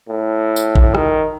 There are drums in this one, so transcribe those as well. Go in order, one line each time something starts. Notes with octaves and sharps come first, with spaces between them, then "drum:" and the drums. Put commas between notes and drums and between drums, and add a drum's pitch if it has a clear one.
A2
drum: tambourine
drum: kick A1
D#3, drum: rim click